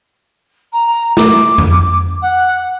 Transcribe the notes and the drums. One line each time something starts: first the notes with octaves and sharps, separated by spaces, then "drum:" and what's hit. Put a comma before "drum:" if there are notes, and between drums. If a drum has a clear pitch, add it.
A#5
D6, drum: snare
drum: tom F2
F#5